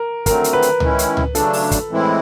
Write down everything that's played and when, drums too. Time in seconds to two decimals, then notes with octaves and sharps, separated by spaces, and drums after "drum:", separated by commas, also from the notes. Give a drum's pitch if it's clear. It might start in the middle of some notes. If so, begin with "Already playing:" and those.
Already playing: A#4
0.26 D3 F#3 A3 C4 A#4, drum: kick, hi-hat
0.44 drum: hi-hat
0.53 B4
0.62 drum: hi-hat
0.80 D#3 G#3 C#4 E4, drum: tom C#2
0.99 drum: hi-hat
1.17 drum: tom C#2
1.35 C#3 F#3 A3 D4 A4, drum: hi-hat
1.53 drum: open hi-hat
1.71 drum: kick, hi-hat
1.90 A2 E3 G#3 C4 E4